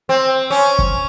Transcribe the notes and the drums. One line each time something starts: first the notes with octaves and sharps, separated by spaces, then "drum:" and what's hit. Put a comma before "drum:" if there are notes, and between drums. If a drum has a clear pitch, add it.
C4
C#4
drum: kick